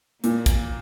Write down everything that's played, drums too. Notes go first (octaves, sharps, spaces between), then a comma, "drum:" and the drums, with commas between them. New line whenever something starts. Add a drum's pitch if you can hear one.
A#2 A#3, drum: hi-hat
drum: kick, hi-hat